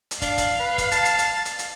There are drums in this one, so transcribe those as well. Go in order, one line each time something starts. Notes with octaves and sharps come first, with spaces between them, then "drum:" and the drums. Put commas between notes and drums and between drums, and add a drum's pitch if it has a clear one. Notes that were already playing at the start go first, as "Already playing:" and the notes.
drum: hi-hat
D4 F5, drum: kick, hi-hat
drum: kick, hi-hat
B4
drum: kick, hi-hat
A5, drum: hi-hat
drum: hi-hat
drum: hi-hat
drum: hi-hat
drum: hi-hat